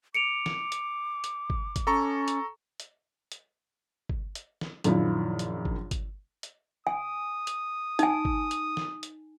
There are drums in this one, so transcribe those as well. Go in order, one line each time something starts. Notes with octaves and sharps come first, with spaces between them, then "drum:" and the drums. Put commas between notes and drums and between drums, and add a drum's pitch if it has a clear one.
D6 C#7 D7 F7
drum: snare
drum: hi-hat
drum: hi-hat
drum: kick G1
drum: kick G1, hi-hat
C#4 A4 A#5 C#6
drum: hi-hat
drum: hi-hat
drum: hi-hat
drum: kick G1
drum: hi-hat
drum: snare
A#1 F#2 D#3 F3 E4, drum: hi-hat
drum: hi-hat
drum: kick G1
drum: kick G1, hi-hat
drum: hi-hat
G#5 D#6
drum: hi-hat
D#4 G#5, drum: hi-hat
drum: kick G1
drum: hi-hat
drum: snare
drum: hi-hat